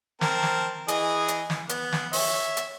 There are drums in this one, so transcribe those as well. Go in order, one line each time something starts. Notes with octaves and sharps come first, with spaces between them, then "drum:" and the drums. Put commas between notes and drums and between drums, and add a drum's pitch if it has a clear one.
C4 A#4 A5, drum: snare
drum: snare
E3 G#4 D#5, drum: hi-hat
drum: hi-hat
drum: snare
B3, drum: hi-hat
drum: snare
C#5 E5, drum: open hi-hat
drum: hi-hat